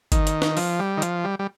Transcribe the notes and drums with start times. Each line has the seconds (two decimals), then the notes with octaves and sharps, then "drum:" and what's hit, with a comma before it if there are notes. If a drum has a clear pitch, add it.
0.12 D#3, drum: kick G1, hi-hat
0.27 drum: hi-hat
0.42 drum: snare
0.57 F3, drum: open hi-hat
0.79 G3
0.97 D#3
1.02 F3, drum: hi-hat
1.24 G3
1.39 G3